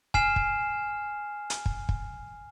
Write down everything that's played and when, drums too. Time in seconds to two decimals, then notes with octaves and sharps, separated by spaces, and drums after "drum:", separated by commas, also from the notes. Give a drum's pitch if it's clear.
0.14 G#5 F6 C7 E7, drum: kick
0.36 drum: kick
1.50 drum: hi-hat
1.66 drum: kick
1.89 drum: kick